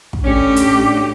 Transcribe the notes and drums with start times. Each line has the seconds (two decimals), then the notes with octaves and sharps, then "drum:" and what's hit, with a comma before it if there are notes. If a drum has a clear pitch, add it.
0.13 drum: kick
0.24 A2 C#4 D4 G4
0.56 drum: hi-hat